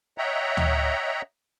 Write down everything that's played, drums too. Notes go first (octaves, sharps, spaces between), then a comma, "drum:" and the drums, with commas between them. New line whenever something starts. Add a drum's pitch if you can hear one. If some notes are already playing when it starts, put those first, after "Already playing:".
C#5 D#5 E5 F#5 G5 A#5
drum: tom D2